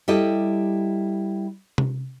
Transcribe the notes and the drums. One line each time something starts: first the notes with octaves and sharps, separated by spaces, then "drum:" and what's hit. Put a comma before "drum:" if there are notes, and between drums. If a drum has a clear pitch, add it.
G3 E4 G4 A4 D#5
drum: tom C3